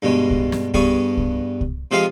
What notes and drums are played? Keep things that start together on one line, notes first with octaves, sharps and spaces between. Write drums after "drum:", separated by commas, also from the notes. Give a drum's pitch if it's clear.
G2 B2 G#3
drum: kick C2
drum: snare
G2 B3 G#4 C#6, drum: kick C2
drum: kick C2
drum: kick C2
C3 F3 G#3 F4 G#4 F5